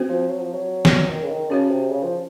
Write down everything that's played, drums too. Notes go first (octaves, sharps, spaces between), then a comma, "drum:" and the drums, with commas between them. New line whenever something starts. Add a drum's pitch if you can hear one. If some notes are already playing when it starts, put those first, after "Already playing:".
Already playing: C4 F#4 C5
F3
F#3
F3
F#3
drum: snare
D#3
C#3
D#3
C#3 C#4 F#4 C#5
C3
C#3
F3